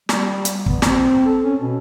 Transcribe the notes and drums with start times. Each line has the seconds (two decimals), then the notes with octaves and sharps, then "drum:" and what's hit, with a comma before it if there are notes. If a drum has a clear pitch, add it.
0.09 G3, drum: snare
0.45 drum: hi-hat
0.66 B3, drum: kick
0.82 C4, drum: snare
1.25 A4
1.44 C#4
1.60 B2